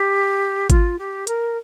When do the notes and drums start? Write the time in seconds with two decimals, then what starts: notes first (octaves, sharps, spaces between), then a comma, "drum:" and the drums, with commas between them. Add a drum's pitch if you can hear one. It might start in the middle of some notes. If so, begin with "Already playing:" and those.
Already playing: G4
0.70 F4, drum: kick G#1, hi-hat
0.98 G4
1.27 A#4, drum: hi-hat